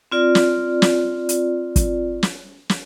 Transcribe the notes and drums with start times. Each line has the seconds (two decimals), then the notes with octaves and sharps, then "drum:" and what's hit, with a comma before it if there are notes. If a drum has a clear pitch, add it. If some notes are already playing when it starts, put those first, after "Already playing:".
0.12 C4 F4 D5
0.35 drum: snare
0.82 drum: snare
1.29 drum: hi-hat
1.76 drum: kick, hi-hat
2.23 drum: snare
2.69 drum: snare